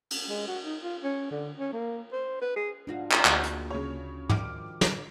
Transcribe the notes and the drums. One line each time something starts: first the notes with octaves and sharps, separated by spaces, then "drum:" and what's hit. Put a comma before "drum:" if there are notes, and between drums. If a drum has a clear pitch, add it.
drum: cymbal
G#3
F#4
D#4
F4
C#4
D3
C#4
A#3
C5
B4
G#4
G#2 D4 F4 F#4 F5
drum: clap
D2 A#3 F#4 G#4, drum: clap
drum: hi-hat
C#3 C#5
D#3 F3 G3 D6 F6 D7, drum: tom
drum: snare